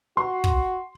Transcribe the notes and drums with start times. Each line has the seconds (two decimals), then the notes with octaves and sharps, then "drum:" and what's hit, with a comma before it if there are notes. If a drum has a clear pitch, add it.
0.17 F#4 C6
0.44 drum: kick